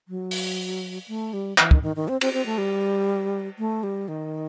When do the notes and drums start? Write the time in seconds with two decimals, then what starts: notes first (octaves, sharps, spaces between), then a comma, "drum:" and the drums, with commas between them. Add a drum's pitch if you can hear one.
0.08 F#3
0.31 drum: open hi-hat
1.08 A3
1.33 G3
1.58 E3, drum: clap
1.71 D#3, drum: kick
1.83 D#3
1.96 D#3
2.08 C4
2.21 C4, drum: cymbal
2.33 C4
2.46 A3
2.58 G3
3.59 A3
3.83 G3
4.08 D#3